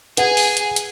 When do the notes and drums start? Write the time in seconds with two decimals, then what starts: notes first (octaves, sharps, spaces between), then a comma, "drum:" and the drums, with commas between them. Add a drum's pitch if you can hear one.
0.17 G#4 B4 F#5 G#5, drum: hi-hat
0.37 drum: open hi-hat
0.57 drum: hi-hat
0.76 drum: hi-hat